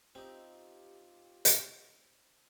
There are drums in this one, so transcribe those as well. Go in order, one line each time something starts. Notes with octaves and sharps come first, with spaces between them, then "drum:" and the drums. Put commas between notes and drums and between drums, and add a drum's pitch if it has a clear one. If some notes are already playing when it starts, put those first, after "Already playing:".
C4 D#4 F4 G4 E5
drum: hi-hat